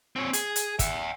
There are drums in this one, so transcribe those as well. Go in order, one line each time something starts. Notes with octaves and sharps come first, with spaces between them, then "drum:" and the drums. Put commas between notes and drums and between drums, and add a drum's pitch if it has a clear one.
C4 C#5
G#4, drum: hi-hat
drum: hi-hat
E5 F#5, drum: kick, hi-hat